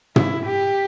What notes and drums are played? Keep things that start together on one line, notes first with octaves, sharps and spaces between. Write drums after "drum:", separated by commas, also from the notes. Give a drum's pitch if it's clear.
E4, drum: tom
G4